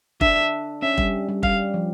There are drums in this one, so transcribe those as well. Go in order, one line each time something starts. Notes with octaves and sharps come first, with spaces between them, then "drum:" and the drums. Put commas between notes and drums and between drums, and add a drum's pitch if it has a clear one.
D4 E5, drum: kick
C#4 E5
G3, drum: kick
G3
G3 F5, drum: kick
F3